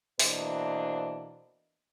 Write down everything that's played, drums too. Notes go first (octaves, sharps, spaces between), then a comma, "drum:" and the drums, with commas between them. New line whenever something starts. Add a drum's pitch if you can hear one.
B2 E3 A#3 D4 C5 D#5, drum: open hi-hat